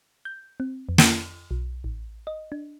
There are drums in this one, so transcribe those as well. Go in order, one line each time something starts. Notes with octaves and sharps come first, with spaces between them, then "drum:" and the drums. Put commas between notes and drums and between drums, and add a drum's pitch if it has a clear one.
G6
C4
F2
drum: snare
B1
A1
D#5
D4